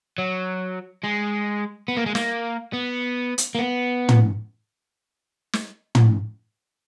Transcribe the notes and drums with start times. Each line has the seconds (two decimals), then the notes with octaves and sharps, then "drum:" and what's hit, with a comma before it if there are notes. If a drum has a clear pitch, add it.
0.18 F#3
1.03 G#3
1.88 B3
1.97 A#3
2.06 G#3
2.15 A#3, drum: snare
2.73 B3
3.38 drum: hi-hat
3.55 A#3
3.59 B3
4.09 drum: tom
5.53 drum: snare
5.95 drum: tom